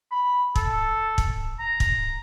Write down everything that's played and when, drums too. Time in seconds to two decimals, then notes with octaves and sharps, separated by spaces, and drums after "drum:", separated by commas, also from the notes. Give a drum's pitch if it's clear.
0.11 B5
0.56 A4, drum: kick
1.18 drum: kick
1.59 A#5
1.80 drum: kick